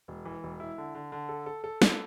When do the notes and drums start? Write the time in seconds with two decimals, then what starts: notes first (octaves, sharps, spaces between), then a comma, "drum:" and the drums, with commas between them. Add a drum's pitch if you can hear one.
0.08 E1
0.25 E3
0.43 E1
0.60 E4
0.78 D3
0.95 D3
1.12 D3
1.29 A4
1.46 A4
1.64 A4
1.82 A4, drum: snare